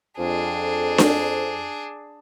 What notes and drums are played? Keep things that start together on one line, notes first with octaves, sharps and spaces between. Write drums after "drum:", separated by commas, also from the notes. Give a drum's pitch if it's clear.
F2 D4 G#4
drum: snare D4